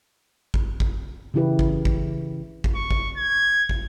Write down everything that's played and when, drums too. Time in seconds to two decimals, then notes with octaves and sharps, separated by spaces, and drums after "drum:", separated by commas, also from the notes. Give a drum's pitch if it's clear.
0.54 drum: kick
0.80 drum: kick
1.34 C#3 E3 E4 G4 B4
1.59 drum: kick
1.85 drum: kick
2.64 drum: kick
2.75 C#6
2.91 drum: kick
3.17 G#6
3.69 drum: kick